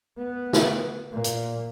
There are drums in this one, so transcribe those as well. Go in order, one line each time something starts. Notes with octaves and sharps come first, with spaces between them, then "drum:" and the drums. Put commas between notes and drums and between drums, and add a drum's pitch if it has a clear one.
B3
drum: snare
A#2
drum: hi-hat